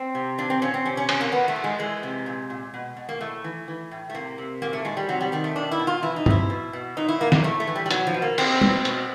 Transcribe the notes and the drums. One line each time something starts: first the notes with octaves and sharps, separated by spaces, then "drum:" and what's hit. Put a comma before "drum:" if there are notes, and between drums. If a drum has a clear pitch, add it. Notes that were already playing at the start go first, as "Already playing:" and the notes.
Already playing: C4
C3
A#2 D4
C4
A#2 C#4
C4
C3 C#4
C#4
C3 C#4, drum: cymbal
A#3
A#2 B3
A3
A#2
G#3
E3 G#3
C3
A#2
A#2
B2
B2
A#3
A2 A3
E3
E3
A2
A3
C3 A#3
C3
A#2 A#3
A3
A#2 G#3
G3
C3 F#3
G3
D#3 G3
A3
B2 D4
E4
B2
F4
E3 E4
D#4
C3 E4, drum: tom G2
B2
B2
A#2 D#4
E4
A#2 A#3
A#3, drum: snare
A2 A3
A3
E3
G3
G3
B2 F#3, drum: hi-hat
F3
B2
A#3
B2 C4, drum: cymbal
B2, drum: tom
B2, drum: hi-hat